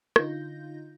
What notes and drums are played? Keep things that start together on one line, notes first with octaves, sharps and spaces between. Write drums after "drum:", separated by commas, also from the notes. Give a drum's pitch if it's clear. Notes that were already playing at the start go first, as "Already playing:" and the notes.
D3 D#4 F4 G6 A#6, drum: rim click